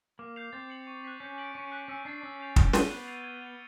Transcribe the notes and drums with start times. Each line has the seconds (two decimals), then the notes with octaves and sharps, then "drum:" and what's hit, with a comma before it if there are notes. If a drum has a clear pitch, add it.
0.19 A#3 D6
0.36 G6 C7 F7
0.53 C4 A6
0.70 C#7 F#7
0.87 C#6
1.04 F#6 B6
1.20 C#4 G6
1.38 B6 D7 F#7
1.54 C#4 C#6
1.72 F#6 B6
1.88 C#4 E6
2.05 D4 A6 C7
2.23 C#4 E6
2.40 G6 C7 F7
2.56 F6, drum: kick
2.73 G#6 B6 D#7 G7, drum: snare
2.90 B3 F#6
3.07 A6 C7 F7
3.24 G#6
3.41 F7
3.46 C#7